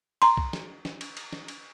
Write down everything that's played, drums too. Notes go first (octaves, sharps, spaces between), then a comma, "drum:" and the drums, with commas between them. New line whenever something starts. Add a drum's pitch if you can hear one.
A#5 C6, drum: cymbal
drum: kick C2
drum: snare
drum: snare
drum: cymbal
drum: cymbal
drum: snare
drum: cymbal